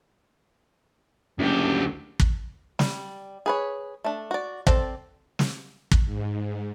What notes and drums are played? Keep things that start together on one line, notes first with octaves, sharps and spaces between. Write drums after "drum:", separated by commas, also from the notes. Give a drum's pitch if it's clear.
F#1 D2 G4
drum: kick
G3, drum: snare
G#4 B4 C#5
A3 D4
F#4 D5
C4 A4 D5, drum: kick
drum: snare
drum: kick
G#2